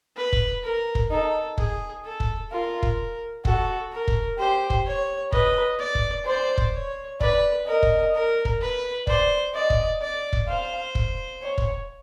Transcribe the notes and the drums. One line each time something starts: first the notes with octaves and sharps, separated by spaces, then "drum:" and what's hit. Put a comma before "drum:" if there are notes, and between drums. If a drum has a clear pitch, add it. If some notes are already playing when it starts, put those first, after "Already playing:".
B4
drum: kick
A#4
drum: kick
D#4 A4
G#4, drum: kick
A4
drum: kick
F4 A#4
drum: kick
F#4 A4, drum: kick
A#4
drum: kick
G4 C5
drum: kick
C#5
B4 D#5, drum: kick
D5
drum: kick
C5 D5
drum: kick
C#5
B4 D5, drum: kick
A#4 D#5
drum: kick
A#4
drum: kick
B4
C5 D5, drum: kick
D5 D#5
drum: kick
D5
drum: kick
C5 F5
drum: kick
C#5
drum: kick